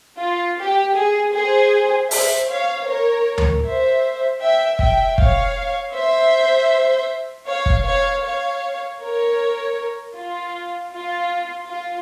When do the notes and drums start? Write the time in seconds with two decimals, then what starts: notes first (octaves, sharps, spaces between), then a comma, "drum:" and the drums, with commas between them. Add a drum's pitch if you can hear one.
0.20 F4
0.58 G4
0.96 G#4
1.34 G#4 C5
2.11 C5 E5, drum: open hi-hat
2.49 C#5 F5
2.87 A#4 C#5
3.38 drum: tom D2
3.64 C5 E5
4.41 E5 G5
4.79 E5 G5, drum: kick
5.18 C#5 F5, drum: kick
5.94 C5 E5
7.47 C#5 F5
7.66 drum: kick
7.86 C#5 F5
8.24 C#5 F5
9.01 A#4 C#5
10.16 F4
10.93 F4
11.69 F4